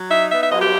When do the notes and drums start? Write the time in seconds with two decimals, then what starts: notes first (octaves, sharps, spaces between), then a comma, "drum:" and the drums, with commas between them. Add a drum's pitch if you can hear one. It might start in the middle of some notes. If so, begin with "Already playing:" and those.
Already playing: F#3
0.09 D#4 E5
0.30 B3 E5
0.40 E5
0.51 F#3 D#5, drum: cymbal
0.62 G4